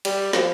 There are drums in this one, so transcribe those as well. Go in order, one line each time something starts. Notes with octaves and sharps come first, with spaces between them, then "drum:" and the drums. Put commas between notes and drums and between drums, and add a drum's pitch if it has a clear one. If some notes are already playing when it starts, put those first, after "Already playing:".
G3, drum: cymbal
F3, drum: snare